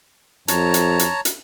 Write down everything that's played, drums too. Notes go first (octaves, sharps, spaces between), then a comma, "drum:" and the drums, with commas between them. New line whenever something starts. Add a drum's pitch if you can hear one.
F2 C#5 A5 A#5, drum: hi-hat
drum: hi-hat
drum: hi-hat
drum: hi-hat